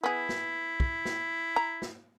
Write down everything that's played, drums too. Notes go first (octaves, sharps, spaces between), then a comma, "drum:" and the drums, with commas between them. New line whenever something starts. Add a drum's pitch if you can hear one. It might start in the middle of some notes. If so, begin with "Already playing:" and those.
B3 E4 G#4
drum: snare
drum: kick
drum: snare
A#5
drum: snare